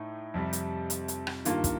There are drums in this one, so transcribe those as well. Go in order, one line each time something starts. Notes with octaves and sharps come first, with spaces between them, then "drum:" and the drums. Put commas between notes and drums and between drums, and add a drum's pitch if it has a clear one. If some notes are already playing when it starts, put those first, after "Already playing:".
Already playing: A2 A3 D#4
F2 C3 G3
drum: hi-hat
drum: hi-hat
drum: hi-hat
drum: rim click
G2 D#3 A#3 F4, drum: hi-hat
drum: kick, hi-hat